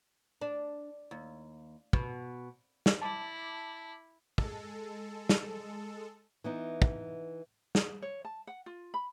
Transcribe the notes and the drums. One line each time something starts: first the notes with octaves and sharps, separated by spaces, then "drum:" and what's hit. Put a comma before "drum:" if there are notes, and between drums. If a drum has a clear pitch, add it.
D4
D#2
B2, drum: kick
drum: snare
E4 A5 D6
G#3 A4, drum: kick
drum: snare
E3 B3 D#4
drum: kick
G#4, drum: snare
C#5
A5
F#5
F4
B5